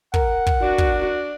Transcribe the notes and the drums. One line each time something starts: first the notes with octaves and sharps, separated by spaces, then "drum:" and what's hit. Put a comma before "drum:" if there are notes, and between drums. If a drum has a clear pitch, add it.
A#4 F#5, drum: kick
drum: kick
D4 F#4
drum: kick